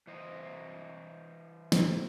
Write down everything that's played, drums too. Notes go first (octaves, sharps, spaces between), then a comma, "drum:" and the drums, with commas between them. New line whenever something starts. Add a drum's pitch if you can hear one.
E3 C5 D#5
drum: snare